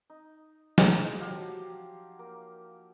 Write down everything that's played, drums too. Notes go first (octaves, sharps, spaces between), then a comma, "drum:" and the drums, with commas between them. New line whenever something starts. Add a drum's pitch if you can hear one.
D#4
drum: snare
F3 F#3 G4 F5
A#3